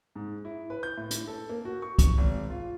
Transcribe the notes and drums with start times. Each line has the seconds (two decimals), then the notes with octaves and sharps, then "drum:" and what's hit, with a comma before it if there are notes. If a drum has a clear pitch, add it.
0.16 G#2
0.45 E4
0.70 B4
0.83 G6
0.97 A2
1.11 drum: hi-hat
1.27 A4
1.49 A#3
1.65 F#4
1.82 C#6
1.99 C#6, drum: kick, hi-hat
2.18 G#1
2.50 F4